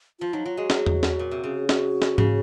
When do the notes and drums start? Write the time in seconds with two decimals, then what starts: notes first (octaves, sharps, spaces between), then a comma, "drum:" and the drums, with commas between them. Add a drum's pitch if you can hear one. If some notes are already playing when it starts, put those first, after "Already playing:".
0.20 F3 F4
0.33 F#3 D#4
0.45 F#3 F4
0.57 G#3 F#4
0.70 F#3, drum: snare
0.86 drum: tom E2
1.03 drum: snare
1.19 A#2
1.31 C3
1.44 C#3
1.69 F#4, drum: snare
2.02 drum: snare
2.18 C#3, drum: tom G#2